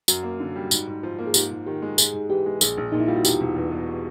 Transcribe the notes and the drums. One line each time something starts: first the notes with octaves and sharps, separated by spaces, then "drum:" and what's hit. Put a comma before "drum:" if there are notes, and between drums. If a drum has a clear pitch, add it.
F#2 F#4, drum: tambourine
A#3
D3
G3
G#2, drum: tambourine
G#2
F3
A#3
G#4
G#2 G4, drum: tambourine
G#2
D#3 G4
G#3
G#2 G#4, drum: tambourine
G#2
E3 G4
G#3
A#1 G#4, drum: tambourine
A#1
A#2 D#4
E4
G3 F4
F#4
E1 G4, drum: tambourine
E1
E2
B2